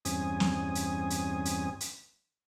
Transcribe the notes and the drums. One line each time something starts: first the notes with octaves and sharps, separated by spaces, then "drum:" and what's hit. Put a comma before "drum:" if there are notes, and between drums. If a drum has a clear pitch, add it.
E2 G2 C4 C#4 G#5 D#6, drum: hi-hat
drum: snare
drum: hi-hat
drum: hi-hat
drum: hi-hat
drum: hi-hat